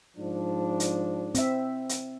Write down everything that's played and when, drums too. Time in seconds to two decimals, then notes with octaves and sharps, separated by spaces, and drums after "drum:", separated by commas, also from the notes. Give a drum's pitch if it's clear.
0.17 G#2 F3 D4
0.80 drum: hi-hat
1.35 C4 E5, drum: hi-hat
1.89 drum: hi-hat